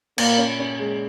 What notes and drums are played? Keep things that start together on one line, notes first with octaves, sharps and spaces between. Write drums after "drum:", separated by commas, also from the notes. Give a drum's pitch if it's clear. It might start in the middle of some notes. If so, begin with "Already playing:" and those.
A#2 A#3, drum: cymbal
C#4
C#4
G#3